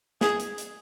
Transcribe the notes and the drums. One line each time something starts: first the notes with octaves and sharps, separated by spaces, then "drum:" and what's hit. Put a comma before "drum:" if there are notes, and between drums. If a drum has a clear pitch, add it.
G#4, drum: snare
drum: hi-hat
drum: hi-hat